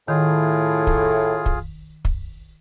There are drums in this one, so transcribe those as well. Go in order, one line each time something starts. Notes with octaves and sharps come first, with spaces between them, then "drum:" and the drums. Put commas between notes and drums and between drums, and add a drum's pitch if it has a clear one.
A2 D#3 F4 G#4
drum: kick
drum: kick
drum: kick